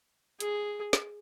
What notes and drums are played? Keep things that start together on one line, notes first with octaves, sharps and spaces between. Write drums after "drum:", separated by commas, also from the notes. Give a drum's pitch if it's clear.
G#4, drum: hi-hat
drum: snare